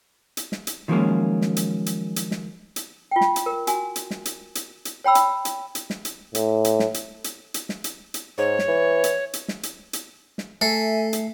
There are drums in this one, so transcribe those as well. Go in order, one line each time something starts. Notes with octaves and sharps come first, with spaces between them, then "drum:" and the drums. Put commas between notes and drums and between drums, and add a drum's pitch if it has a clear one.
drum: hi-hat
drum: snare
drum: hi-hat
D#3 F3 F#3 G#3 A#3 C#4
drum: snare
drum: hi-hat
drum: hi-hat
drum: hi-hat
drum: snare
drum: hi-hat
F4 G5
drum: snare
drum: hi-hat
A#4
F#4 G#5, drum: hi-hat
drum: hi-hat
drum: snare
drum: hi-hat
drum: hi-hat
drum: hi-hat
C#5 G5 B5 E6
drum: hi-hat
drum: hi-hat
drum: hi-hat
drum: snare
drum: hi-hat
A2, drum: hi-hat
drum: hi-hat
drum: snare
drum: hi-hat
drum: hi-hat
drum: hi-hat
drum: snare
drum: hi-hat
drum: hi-hat
G#2 C#5
drum: snare
E3
drum: hi-hat
drum: hi-hat
drum: snare
drum: hi-hat
drum: hi-hat
drum: snare
A3 A4 E5 G#5 C7
drum: hi-hat